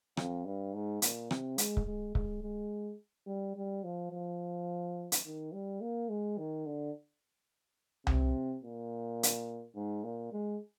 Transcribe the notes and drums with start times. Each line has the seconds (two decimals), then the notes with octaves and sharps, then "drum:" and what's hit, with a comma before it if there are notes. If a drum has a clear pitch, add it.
0.17 F2, drum: rim click
0.45 G2
0.74 G#2
1.02 A#2, drum: hi-hat
1.31 C3, drum: rim click
1.58 G#3, drum: hi-hat
1.77 drum: kick C#1
1.86 G#3
2.15 G#3, drum: kick C#1
2.42 G#3
3.27 G3
3.56 G3
3.84 F3
4.11 F3
5.12 drum: hi-hat
5.25 D#3
5.53 G3
5.81 A#3
6.09 G#3
6.38 D#3
6.66 D3
8.07 C3, drum: tom C2
8.64 A#2
9.23 drum: hi-hat
9.75 G#2
10.04 A#2
10.32 G#3